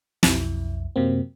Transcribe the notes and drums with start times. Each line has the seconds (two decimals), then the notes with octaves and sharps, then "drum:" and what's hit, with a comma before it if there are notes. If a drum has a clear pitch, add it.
0.23 B1 F2 E4, drum: snare
0.96 F#2 C3 F#3 A#3 C4